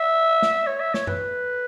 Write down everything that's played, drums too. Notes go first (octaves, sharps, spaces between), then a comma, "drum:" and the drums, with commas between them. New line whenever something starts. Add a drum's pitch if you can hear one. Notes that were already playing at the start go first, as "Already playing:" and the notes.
Already playing: E5
drum: snare
C#5
E5
C#5, drum: snare
B4, drum: tom F#2